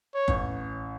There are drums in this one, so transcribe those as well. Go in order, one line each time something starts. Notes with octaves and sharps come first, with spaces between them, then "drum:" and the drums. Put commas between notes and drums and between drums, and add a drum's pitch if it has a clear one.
C#5
A1, drum: kick F#1